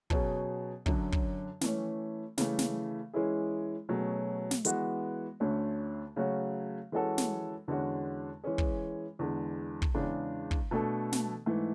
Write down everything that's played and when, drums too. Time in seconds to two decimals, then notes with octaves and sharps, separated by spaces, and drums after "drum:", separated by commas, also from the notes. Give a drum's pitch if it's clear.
0.10 B2 F#3 C#4 G#4, drum: kick
0.86 F#2 D3 F#3, drum: kick
1.12 drum: kick
1.61 E3 A3 C#4, drum: snare
2.38 C#3 E3 A3, drum: snare
2.59 drum: snare
3.13 E3 G#3 C#4 E4 G#4
3.89 B2 F#3 A3 C#4 G#4
4.51 drum: snare
4.65 E3 G#3 B3 F#4, drum: hi-hat
5.40 D2 D3 A3 C#4
6.16 C#3 F#3 A3 C#4 F#4
6.92 E3 G#3 C#4 F#4 A4
7.18 drum: snare
7.68 E2 D3 G#3 C#4 F#4
8.44 E3 G#3 C#4 G#4
8.58 drum: kick
9.19 E2 D3 G#3
9.82 drum: kick
9.94 E2 C#3 G#3 D4
10.51 drum: kick
10.71 B2 A3 D4 A4
11.12 drum: snare
11.46 G#2 E3 A3